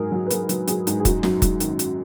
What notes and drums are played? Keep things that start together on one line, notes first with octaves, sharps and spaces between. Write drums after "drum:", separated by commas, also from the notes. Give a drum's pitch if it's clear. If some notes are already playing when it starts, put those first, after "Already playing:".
Already playing: G#2 F#3 G#4 A#4
F#3
B4
F#3 A#4, drum: hi-hat
F#3, drum: hi-hat
F#3 G#4, drum: hi-hat
G#2, drum: hi-hat
G#4
F#2 F#4, drum: kick, hi-hat
F#2, drum: snare
F#2, drum: kick, hi-hat
D#3, drum: hi-hat
drum: hi-hat